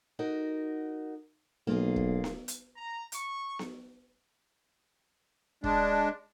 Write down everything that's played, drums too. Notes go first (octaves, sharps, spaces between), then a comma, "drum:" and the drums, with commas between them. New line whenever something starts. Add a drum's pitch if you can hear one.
D#4 F#4 A#4
B1 A#3 F4 G#4
drum: kick
drum: snare B3
drum: hi-hat
A#5
C#6, drum: hi-hat
drum: snare B3
G#3 D4, drum: kick